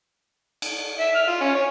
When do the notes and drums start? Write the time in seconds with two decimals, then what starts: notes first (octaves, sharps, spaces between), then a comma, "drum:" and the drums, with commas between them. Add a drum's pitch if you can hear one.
0.62 drum: cymbal
0.99 E5
1.15 F6
1.28 F4
1.41 C#4
1.55 C#5